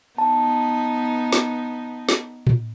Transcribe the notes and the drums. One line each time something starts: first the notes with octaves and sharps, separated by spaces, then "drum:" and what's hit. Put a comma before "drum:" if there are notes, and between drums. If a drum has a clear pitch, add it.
B3 D#4 A5
drum: snare
drum: snare
drum: tom A2